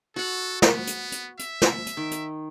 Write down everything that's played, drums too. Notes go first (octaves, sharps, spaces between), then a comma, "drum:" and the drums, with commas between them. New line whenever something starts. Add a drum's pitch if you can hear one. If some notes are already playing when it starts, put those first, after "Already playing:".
F#4 A4 F#5
B3, drum: snare
drum: hi-hat
drum: hi-hat
E5, drum: hi-hat
drum: snare
drum: hi-hat
D#3
drum: hi-hat